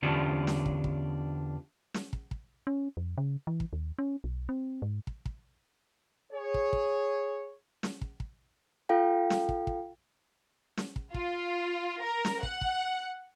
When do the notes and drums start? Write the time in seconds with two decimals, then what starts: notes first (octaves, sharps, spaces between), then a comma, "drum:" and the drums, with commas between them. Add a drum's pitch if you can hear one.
0.02 E2 D3 C#4 D4 F4 G4
0.47 drum: snare
0.66 drum: kick
0.84 drum: kick
1.94 drum: snare
2.13 drum: kick
2.31 drum: kick
2.67 C#4
2.97 F2
3.18 C#3
3.47 E3
3.60 drum: kick
3.73 D#2
3.99 C#4
4.24 B1
4.49 C4
4.82 G#2
5.07 drum: kick
5.26 drum: kick
6.32 G#4 C#5
6.54 drum: kick
6.73 drum: kick
7.83 drum: snare
8.01 drum: kick
8.20 drum: kick
8.89 F4 A4 F5 G5
9.30 drum: snare
9.49 drum: kick
9.67 drum: kick
10.77 drum: snare
10.96 drum: kick
11.14 F4, drum: kick
12.02 A#4
12.25 drum: snare
12.43 F#5, drum: kick
12.61 drum: kick